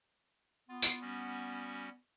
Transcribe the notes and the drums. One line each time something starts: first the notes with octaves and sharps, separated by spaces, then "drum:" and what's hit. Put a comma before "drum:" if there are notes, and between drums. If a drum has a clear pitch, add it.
B3 F4
drum: tambourine
G3 C#4 F#4